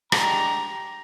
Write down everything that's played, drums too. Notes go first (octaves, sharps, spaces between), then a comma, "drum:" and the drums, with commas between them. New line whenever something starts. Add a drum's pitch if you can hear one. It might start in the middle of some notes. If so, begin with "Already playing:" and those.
G#3 D4 G4 A#5, drum: rim click